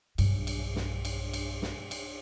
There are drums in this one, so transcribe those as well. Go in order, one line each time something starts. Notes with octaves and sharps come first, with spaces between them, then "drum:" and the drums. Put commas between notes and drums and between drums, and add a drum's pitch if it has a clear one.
B1 G2, drum: cymbal
drum: cymbal
drum: snare
drum: cymbal
drum: cymbal
drum: snare
drum: cymbal